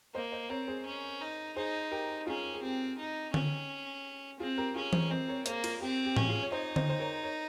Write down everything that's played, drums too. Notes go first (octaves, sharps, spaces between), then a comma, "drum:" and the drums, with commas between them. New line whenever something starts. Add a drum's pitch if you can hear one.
A#3 C5 D#5
C5 D#5
C4 A#4 C#5
G#4 C5
C#4
D#4
D#4 G#4 C5
G4 A#4
C#4 F4 G#4
G#4
C4 G4
D#4
C#4, drum: tom D3
C4 F4 G#4
G4 A#4
C#4 F4 G#4
G#4 C5, drum: tom E3
C4 C5 D#5
A#4 C#5
A#3 G#4 C5, drum: hi-hat
F4, drum: cymbal
C4 G4
G4
C#4, drum: tom A2
F4 G#4
C#5
D#4 C5 D#5
C5 D#5, drum: tom D3
C5
A#4 C#5
A#4 C#5